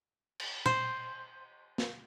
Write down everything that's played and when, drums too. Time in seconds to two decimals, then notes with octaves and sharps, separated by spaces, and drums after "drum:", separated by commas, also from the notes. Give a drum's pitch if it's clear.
0.40 drum: cymbal
0.66 C5, drum: tom A#2
1.78 drum: snare